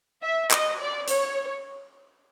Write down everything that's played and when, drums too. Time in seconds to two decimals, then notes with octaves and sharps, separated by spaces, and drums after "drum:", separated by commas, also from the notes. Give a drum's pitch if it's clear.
0.22 E5
0.51 D#5, drum: clap
0.80 D5
1.08 C#5, drum: hi-hat